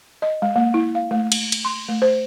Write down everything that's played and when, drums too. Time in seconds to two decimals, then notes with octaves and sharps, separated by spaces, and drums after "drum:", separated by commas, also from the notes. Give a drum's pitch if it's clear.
0.22 D#5
0.42 G#3
0.56 A#3
0.74 E4
0.95 F5
1.11 A3
1.32 drum: cymbal
1.52 drum: cymbal
1.65 C6
1.89 A3
2.02 C5